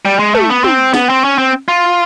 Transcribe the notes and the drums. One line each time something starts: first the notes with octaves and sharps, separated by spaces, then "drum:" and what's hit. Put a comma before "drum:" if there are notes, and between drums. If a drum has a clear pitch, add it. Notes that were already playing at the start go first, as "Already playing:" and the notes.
G3
G#3
A3, drum: tom
B3
C4, drum: tom
B3, drum: snare
C4
C#4
C4
F4